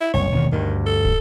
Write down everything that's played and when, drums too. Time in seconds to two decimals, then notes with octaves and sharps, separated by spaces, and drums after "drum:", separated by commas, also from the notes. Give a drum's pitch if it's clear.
0.01 E4
0.14 F#1 C2 C#5
0.32 E1 D#2 D#3
0.52 D2 G2 D#3
0.86 A4
1.05 drum: kick